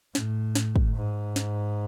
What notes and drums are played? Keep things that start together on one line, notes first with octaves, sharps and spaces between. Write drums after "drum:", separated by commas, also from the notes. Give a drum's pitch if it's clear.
A2, drum: snare
drum: snare
drum: kick
G#2
drum: snare